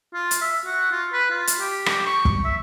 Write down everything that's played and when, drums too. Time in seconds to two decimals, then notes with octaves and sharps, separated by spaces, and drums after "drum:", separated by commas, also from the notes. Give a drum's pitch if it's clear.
0.14 F4
0.31 drum: hi-hat
0.41 E5
0.66 F#4
0.91 F4
1.13 B4
1.30 F4
1.47 drum: hi-hat
1.59 G4
1.86 drum: rim click
2.06 C#6
2.25 drum: kick
2.45 E5